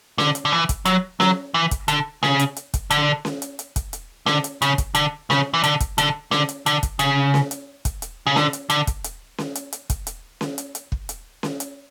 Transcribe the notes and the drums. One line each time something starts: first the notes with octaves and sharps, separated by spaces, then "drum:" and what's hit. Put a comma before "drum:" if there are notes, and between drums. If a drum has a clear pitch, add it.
D3, drum: snare C#4
drum: hi-hat
D3
E3
drum: kick, hi-hat
F#3, drum: hi-hat
F#3, drum: snare C#4
E3
drum: kick, hi-hat
D3, drum: hi-hat
C#3, drum: snare C#4
drum: hi-hat
drum: hi-hat
drum: kick, hi-hat
D3, drum: hi-hat
drum: snare C#4
drum: hi-hat
drum: hi-hat
drum: kick, hi-hat
drum: hi-hat
D3, drum: snare C#4
drum: hi-hat
C#3, drum: hi-hat
drum: kick, hi-hat
D3, drum: hi-hat
C#3, drum: snare C#4
E3
D3, drum: hi-hat
drum: kick, hi-hat
D3, drum: hi-hat
D3, drum: snare C#4
drum: hi-hat
D3, drum: hi-hat
drum: kick, hi-hat
C#3, drum: hi-hat
drum: snare C#4
drum: hi-hat
drum: kick, hi-hat
drum: hi-hat
C#3
D3, drum: snare C#4
drum: hi-hat
D3, drum: hi-hat
drum: kick, hi-hat
drum: hi-hat
drum: snare C#4
drum: hi-hat
drum: hi-hat
drum: kick, hi-hat
drum: hi-hat
drum: snare C#4
drum: hi-hat
drum: hi-hat
drum: kick
drum: hi-hat
drum: snare C#4
drum: hi-hat